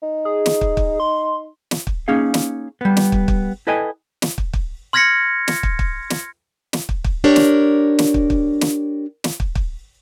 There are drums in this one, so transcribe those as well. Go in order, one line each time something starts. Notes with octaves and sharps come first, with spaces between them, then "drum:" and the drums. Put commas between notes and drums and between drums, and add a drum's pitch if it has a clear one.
D#4
G#4
drum: snare
drum: kick
drum: kick
C6
drum: snare
drum: kick
A#3 C#4 D#4 G#4 F5
drum: snare
G3 B3
drum: snare
drum: kick
drum: kick
E4 A4 B4 D#5 G5 G#5
drum: snare
drum: kick
drum: kick
C6 F6 G#6 A#6 B6 C#7
drum: snare
drum: kick
drum: kick
drum: snare
drum: snare
drum: kick
drum: kick
D4 G4 A#4 C#5
drum: snare
drum: snare
drum: kick
drum: kick
drum: snare
drum: snare
drum: kick
drum: kick